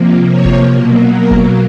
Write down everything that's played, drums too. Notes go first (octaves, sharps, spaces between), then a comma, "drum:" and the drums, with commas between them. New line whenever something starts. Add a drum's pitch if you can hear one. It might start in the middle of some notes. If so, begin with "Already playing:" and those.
Already playing: C3 F3 A#3
C#5
drum: kick F#1
B2 F#3 A#3
A#4
drum: kick F#1